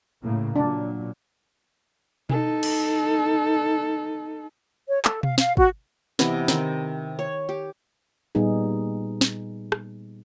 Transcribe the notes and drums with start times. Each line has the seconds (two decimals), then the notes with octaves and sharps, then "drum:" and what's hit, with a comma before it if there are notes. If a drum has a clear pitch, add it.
0.23 A2 C#3 A#3
0.56 A#2 F#3 D4
2.30 D#4 A4, drum: tom B2
2.63 drum: cymbal
4.88 C#5
5.05 A4, drum: clap
5.23 F5, drum: tom B2
5.38 F5, drum: snare
5.57 F#4, drum: kick
6.19 C3 E3 B3 D#5, drum: snare
6.48 D#3 C4 D#5, drum: snare
7.19 C#5
7.49 G4
8.35 A#2 G3 B3 D#4 G#4
9.21 drum: snare
9.72 drum: rim click